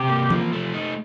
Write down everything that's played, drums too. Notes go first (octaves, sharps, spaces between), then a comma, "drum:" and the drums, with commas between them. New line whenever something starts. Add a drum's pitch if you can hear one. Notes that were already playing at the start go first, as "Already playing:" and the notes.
Already playing: C3 G4
A#3
F3, drum: tom E3
A3
D#4